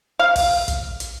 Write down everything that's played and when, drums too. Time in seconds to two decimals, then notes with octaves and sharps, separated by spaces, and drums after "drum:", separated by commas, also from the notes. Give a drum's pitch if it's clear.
0.19 F5
0.36 drum: kick, open hi-hat
0.68 drum: kick, hi-hat
1.00 drum: hi-hat